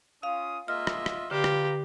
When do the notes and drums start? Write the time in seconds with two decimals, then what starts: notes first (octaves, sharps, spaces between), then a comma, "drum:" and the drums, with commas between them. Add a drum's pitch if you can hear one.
0.23 C#4 F4 F5 D#6
0.68 G#3 A#3 F4 D#5 E5 F6
0.87 drum: rim click
1.06 drum: rim click
1.31 D3 F4 G4 B4 F5 A#5
1.44 drum: rim click